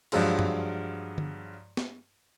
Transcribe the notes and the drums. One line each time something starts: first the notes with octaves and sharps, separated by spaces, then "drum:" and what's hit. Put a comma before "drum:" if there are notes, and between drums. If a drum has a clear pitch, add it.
G2 F3 F#3 G#3 F4, drum: cymbal
drum: tom
drum: tom D3
drum: snare